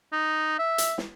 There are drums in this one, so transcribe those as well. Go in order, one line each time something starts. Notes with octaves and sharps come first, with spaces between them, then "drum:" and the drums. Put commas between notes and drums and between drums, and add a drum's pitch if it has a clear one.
D#4
E5
drum: hi-hat
drum: snare